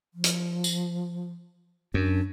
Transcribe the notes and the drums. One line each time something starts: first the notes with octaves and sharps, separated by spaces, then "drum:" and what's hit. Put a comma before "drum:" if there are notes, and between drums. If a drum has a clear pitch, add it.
F3
drum: hi-hat
drum: tambourine
F#2 D4